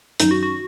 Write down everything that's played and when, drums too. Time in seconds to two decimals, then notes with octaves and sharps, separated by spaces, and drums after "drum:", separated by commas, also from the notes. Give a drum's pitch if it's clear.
0.20 F#2 D#3 F#3 D#4, drum: hi-hat
0.31 F#4
0.43 F#4